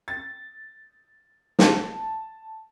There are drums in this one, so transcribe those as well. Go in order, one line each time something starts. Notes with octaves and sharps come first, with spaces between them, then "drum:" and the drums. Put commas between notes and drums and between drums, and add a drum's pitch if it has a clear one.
A6
A5, drum: snare